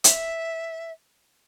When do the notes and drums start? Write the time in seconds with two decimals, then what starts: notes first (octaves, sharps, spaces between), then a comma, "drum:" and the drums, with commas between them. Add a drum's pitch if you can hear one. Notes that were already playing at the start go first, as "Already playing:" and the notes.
0.04 E5, drum: hi-hat